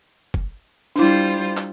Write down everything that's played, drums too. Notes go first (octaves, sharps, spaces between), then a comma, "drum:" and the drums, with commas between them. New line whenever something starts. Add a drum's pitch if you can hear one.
drum: kick
G3 D4 E4 F4 C5
drum: clap